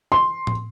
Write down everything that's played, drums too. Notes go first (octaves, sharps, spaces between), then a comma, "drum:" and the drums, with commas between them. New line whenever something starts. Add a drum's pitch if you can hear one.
C6
drum: tom A2